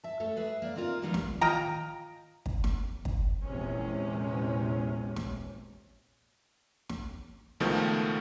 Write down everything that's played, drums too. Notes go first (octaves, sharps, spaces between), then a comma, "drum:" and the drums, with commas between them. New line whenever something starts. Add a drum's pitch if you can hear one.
E5 A5
A3 A4 C#5
G#4 B4 E5
A#3 D5
A#3 C4 D#4 F4 A#4
D#3 F3 G3 G#3 B3 D#4
drum: snare
F4 D#5 G5 A#5, drum: tom D#3
drum: kick
drum: snare
drum: kick
A#1 E2 C3 G#3 C#4
drum: snare
drum: snare
C#2 B2 D#3 F3 A3